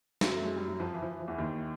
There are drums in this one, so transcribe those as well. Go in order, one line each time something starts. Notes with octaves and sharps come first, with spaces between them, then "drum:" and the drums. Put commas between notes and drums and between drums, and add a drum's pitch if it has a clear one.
F#2 F#3, drum: snare
A3
G#3
G3
F#3
F2 F3
E3
F3
E3
F3
E2 E3
D#2 D#3